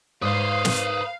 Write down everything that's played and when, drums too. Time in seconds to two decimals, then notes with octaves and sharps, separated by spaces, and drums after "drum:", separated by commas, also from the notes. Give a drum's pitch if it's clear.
0.22 G#2 B4 C5 D5 F5 D#6
0.65 drum: snare